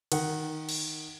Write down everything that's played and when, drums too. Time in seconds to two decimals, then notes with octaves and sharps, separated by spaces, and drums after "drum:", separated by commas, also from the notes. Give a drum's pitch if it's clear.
0.12 D#3 F#5, drum: cymbal
0.69 drum: cymbal